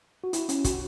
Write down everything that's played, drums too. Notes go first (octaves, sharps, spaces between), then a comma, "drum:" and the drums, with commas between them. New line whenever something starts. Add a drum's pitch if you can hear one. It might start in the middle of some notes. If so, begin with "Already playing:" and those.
F#4
E4, drum: hi-hat
C#4, drum: hi-hat
F#4, drum: kick, hi-hat